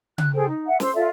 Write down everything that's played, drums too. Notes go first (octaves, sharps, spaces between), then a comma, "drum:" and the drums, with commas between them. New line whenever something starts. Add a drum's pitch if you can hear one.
F#6, drum: tom C#3
G#4 A4 C5 G5
D#4
E5 F#5
C5 C6 E6, drum: snare
F4 A4 D5 E5